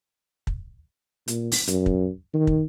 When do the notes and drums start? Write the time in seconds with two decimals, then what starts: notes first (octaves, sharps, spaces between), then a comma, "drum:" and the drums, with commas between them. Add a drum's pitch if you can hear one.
0.47 drum: kick
1.28 A#2, drum: hi-hat
1.52 drum: open hi-hat
1.67 F#2, drum: hi-hat
1.86 drum: kick
2.34 D#3
2.47 drum: kick